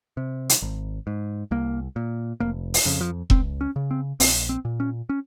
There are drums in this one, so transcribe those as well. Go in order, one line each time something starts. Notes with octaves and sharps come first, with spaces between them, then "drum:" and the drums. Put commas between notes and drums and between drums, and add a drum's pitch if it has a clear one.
C3
drum: hi-hat
G#1
G#2
C2 A#3
A#2
F1 A#3
drum: open hi-hat
F2 C#3
F3
C#2 C4, drum: kick E1
C#4
C#3
C4
A#1 C4, drum: open hi-hat
C4
A#2
C#4
C#4